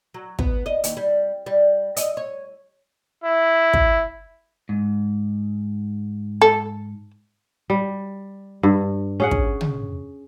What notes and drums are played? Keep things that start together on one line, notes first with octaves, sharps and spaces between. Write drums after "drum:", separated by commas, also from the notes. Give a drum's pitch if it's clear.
F#3
B3, drum: kick
D#5
D#2, drum: hi-hat
G3
G3
D#5, drum: hi-hat
C#5
E4
drum: kick
G#2
A4
G3
G2
C#4 G#4 F#5
drum: kick
drum: tom